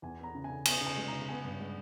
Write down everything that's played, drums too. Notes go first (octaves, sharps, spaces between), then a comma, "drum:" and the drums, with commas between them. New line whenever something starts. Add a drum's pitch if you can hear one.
E2 G#5
B3 A#5
C#3
G#5
C#3
B3 G#5, drum: cymbal
C#3
G#5
G#3
C#3 A#5
B3 G#5
G2
G#3